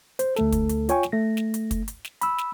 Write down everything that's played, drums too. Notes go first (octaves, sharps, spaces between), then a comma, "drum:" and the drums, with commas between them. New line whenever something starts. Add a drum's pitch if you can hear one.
C5, drum: hi-hat
D2 A3 A4, drum: snare
drum: kick, hi-hat
drum: hi-hat
F4 C#5 G5 G#5 C#6, drum: hi-hat
drum: snare
A3 A#6
drum: snare
drum: hi-hat
drum: kick, hi-hat
drum: hi-hat
drum: snare
B5 E6, drum: hi-hat
drum: snare